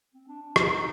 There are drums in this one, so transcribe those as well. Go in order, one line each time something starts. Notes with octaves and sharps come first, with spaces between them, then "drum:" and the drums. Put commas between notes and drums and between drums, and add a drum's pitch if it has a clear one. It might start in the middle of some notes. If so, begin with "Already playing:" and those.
C4
D4
D4
D#4, drum: rim click